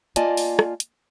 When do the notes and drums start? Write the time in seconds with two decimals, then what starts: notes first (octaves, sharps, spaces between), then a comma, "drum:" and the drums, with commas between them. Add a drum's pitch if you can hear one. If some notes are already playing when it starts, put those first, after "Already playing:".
0.16 A#3 F4 D5 D#5 G#5 A5, drum: hi-hat
0.37 drum: open hi-hat
0.59 drum: rim click
0.80 drum: hi-hat